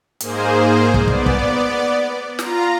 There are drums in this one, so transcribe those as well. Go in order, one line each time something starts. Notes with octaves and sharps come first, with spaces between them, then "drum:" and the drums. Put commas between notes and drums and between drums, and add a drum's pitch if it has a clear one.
G#2 A#3 G#4 C5, drum: hi-hat
drum: kick
B3 D5, drum: kick
drum: kick
F4 A#5, drum: snare